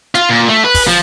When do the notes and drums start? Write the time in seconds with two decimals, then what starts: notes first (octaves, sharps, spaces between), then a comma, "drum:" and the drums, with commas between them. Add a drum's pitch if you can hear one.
0.15 F4, drum: hi-hat
0.30 A#2
0.48 A3
0.64 B4
0.74 drum: kick, open hi-hat
0.88 F3